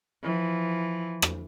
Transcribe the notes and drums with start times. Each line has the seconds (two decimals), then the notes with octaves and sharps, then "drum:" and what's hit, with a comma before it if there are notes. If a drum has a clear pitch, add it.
0.23 E3 F3
1.22 drum: rim click